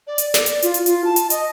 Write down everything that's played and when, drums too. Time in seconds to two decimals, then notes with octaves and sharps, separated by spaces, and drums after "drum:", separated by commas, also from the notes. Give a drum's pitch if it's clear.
0.07 D5
0.18 drum: hi-hat
0.34 D5, drum: snare
0.46 drum: hi-hat
0.62 F4, drum: hi-hat
0.74 drum: hi-hat
0.86 F4, drum: hi-hat
1.04 A5
1.16 drum: hi-hat
1.30 D#5, drum: hi-hat